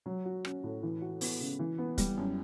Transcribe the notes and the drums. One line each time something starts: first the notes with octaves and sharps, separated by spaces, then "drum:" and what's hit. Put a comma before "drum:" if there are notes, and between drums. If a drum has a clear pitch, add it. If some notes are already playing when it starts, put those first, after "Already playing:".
F#3
F#4
C#4, drum: rim click
A2
E3
F#4
B3, drum: open hi-hat
C#3
E3
B3
G3, drum: kick, hi-hat
F#2